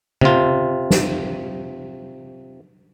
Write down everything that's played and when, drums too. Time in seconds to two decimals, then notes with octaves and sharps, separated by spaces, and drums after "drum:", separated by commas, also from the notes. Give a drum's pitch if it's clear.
0.21 C3 F4, drum: tom C#3
0.91 drum: snare